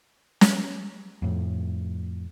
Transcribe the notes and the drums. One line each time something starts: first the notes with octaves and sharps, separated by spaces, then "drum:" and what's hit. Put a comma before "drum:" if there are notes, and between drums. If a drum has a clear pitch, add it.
drum: snare
F2 A2